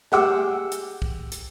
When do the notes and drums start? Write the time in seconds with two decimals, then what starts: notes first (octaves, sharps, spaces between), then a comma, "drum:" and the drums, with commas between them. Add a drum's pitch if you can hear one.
0.12 G4 G#4 F#5 D6 E6, drum: snare
0.72 drum: hi-hat
1.02 drum: kick
1.32 drum: hi-hat